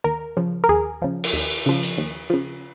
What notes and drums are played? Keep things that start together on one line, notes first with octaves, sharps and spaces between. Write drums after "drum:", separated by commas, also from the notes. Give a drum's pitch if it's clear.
D#2 A#4
C#3 F3
A#4
D#2 G#4
C#3 F3
drum: cymbal
D#2
C#3 F3
drum: hi-hat
D#2
C#3 F3